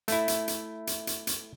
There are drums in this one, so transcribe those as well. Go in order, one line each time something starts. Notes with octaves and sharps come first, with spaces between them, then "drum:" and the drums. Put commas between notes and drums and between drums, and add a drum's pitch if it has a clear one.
A3 E4, drum: hi-hat
drum: hi-hat
drum: hi-hat
drum: hi-hat
drum: hi-hat
drum: hi-hat